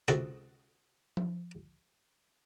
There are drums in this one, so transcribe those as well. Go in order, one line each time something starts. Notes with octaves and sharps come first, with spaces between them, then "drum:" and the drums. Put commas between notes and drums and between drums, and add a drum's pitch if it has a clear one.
C#2 C3 F#4 A4 D#6, drum: hi-hat
drum: tom F3